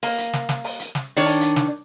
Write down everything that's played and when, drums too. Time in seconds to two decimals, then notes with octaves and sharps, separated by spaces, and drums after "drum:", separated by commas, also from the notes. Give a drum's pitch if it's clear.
0.03 A#3, drum: open hi-hat
0.18 drum: hi-hat
0.33 drum: snare
0.49 drum: snare
0.64 drum: open hi-hat
0.79 drum: hi-hat
0.95 drum: snare
1.17 D#3 D4 C#5 D5
1.26 drum: open hi-hat
1.41 drum: hi-hat
1.56 drum: snare